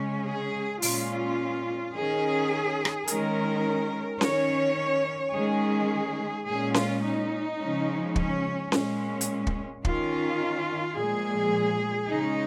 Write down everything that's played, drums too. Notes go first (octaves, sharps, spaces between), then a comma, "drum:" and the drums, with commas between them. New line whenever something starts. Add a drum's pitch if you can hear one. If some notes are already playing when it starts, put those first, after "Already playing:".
Already playing: C#3 G#3 C#4
G#4
A#2 G#3 C#4 F4, drum: open hi-hat
D#3 C#4 G#4
drum: rim click
D#3 G#3 C#4 A#4, drum: hi-hat
D#3 C#4 C#5, drum: snare C#4
D#3 G#3 C#4 G#4
A#2 G#3 C#4 G#4
F4, drum: snare C#4
D#4
C#3 F3 G#3 C#4
C#4, drum: kick
A#2 G#3 C#4, drum: snare C#4
drum: hi-hat
drum: kick
D#3 C#4 F4, drum: kick
A#2 F3 G#3 G#4
C#3 G#3 C#4 D#4